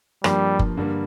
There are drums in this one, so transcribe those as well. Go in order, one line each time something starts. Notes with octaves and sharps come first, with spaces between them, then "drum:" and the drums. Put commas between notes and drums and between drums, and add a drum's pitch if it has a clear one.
G2 F3 G3 A#3, drum: rim click
drum: kick F#1
G2 D3 G3 A#3